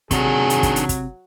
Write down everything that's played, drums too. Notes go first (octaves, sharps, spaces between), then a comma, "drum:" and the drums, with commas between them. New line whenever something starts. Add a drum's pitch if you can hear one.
C3 D#3 F#3 D4 G#4, drum: kick, hi-hat
drum: hi-hat
drum: kick, hi-hat
drum: hi-hat
drum: kick, hi-hat